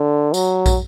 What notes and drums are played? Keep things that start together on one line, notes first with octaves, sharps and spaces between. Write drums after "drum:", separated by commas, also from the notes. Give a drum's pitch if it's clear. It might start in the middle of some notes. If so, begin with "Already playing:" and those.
Already playing: D3
F#3, drum: tambourine
drum: kick, tambourine